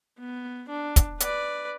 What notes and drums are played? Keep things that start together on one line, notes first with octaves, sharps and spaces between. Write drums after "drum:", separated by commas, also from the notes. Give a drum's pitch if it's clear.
B3
D4
drum: kick, hi-hat
B4 D5, drum: hi-hat